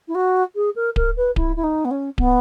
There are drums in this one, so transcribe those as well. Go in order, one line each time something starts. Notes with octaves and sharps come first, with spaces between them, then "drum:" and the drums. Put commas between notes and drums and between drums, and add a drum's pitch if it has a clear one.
E4
F#4
G#4
A#4
A#4, drum: kick D1
B4
E4, drum: kick D1
E4
D#4
B3
C#4
B3, drum: kick D1